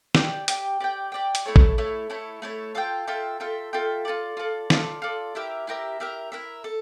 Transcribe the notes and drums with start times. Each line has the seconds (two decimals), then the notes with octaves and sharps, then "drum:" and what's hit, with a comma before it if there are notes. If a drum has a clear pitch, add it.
0.15 G4 D5 G5, drum: snare
0.48 G4 D5 G5, drum: hi-hat
0.80 G4 D5 G5
1.12 G4 D5 G5
1.35 drum: hi-hat
1.46 A3 E4 A4 C#5
1.56 drum: kick
1.78 A3 E4 A4 C#5
2.10 A3 E4 A4 C#5
2.42 A3 E4 A4 C#5
2.75 F4 A4 E5 G5
3.07 F4 A4 E5 G5
3.40 F4 A4 E5 G5
3.73 F4 A4 E5 G5
4.05 F4 A4 D5
4.37 F4 A4 D5
4.70 F4 A4 D5, drum: snare
5.02 F4 A4 D5
5.35 E4 G4 A#4 E5
5.67 E4 G4 A#4 E5
6.00 E4 G4 A#4 E5
6.32 E4 G4 A#4 E5
6.64 A4